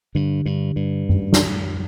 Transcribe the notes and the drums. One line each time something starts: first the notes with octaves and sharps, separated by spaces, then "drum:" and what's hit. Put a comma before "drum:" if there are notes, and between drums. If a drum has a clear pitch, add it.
G2 D3
G2
G2
drum: tom F#2
drum: snare